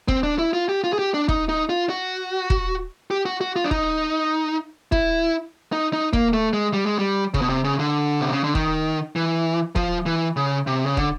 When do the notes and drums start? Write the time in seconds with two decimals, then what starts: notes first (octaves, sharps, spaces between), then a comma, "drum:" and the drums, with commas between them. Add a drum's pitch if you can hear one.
0.08 C4, drum: kick
0.23 D4
0.39 E4
0.53 F4
0.69 G4
0.84 F4
0.93 G#4
0.99 G4
1.14 D4
1.29 D#4, drum: kick
1.49 D#4
1.69 F4
1.90 F#4
2.50 drum: kick
3.11 G4
3.25 F#4
3.41 F#4
3.56 F4
3.64 D4
3.71 D#4, drum: kick
4.92 E4, drum: kick
5.73 D#4
5.93 D#4
6.13 A#3, drum: kick
6.33 A3
6.53 G#3
6.73 G3
6.86 G#3
6.99 G3
7.34 C#3, drum: kick
7.41 B2
7.49 C3
7.64 C#3
7.79 D3
8.21 C3
8.33 C#3
8.44 D3
8.55 D#3, drum: kick
9.16 E3
9.76 F3, drum: kick
10.06 E3
10.36 C#3
10.67 C3
10.86 C#3
10.97 D3, drum: kick